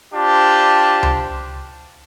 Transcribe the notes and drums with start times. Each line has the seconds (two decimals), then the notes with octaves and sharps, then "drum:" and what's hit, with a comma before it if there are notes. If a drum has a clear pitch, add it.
0.14 D4 F4 G4 C5 A5
1.03 drum: tom C#2